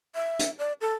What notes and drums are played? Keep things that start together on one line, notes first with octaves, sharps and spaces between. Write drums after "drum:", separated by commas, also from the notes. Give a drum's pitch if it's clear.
E5
drum: hi-hat
D5
A4